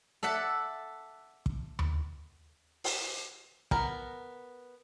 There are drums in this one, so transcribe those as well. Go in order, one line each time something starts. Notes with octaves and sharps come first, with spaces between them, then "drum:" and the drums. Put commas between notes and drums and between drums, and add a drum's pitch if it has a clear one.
A4 D5 E5 F#5 A5
drum: kick
drum: tom D#2
drum: open hi-hat
B3 A#4, drum: kick